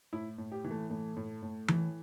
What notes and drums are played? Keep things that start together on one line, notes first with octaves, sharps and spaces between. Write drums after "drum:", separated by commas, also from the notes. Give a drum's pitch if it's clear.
A2 E4
A2
G4
E3
A3
A2 A3
A2
A2
E3, drum: tom E3